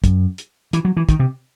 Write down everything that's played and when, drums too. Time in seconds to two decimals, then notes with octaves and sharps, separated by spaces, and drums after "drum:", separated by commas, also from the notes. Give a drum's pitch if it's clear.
0.04 F#2, drum: kick, hi-hat
0.38 drum: hi-hat
0.73 E3, drum: hi-hat
0.85 F#3
0.97 E3
1.09 D#3, drum: kick, hi-hat
1.19 C3